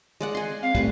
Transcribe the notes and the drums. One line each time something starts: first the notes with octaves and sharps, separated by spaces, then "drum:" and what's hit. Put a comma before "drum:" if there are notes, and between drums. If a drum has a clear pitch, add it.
G#3 D5 F#5
G#5 C6
C4 F5
G3 A3 B4 C#6, drum: kick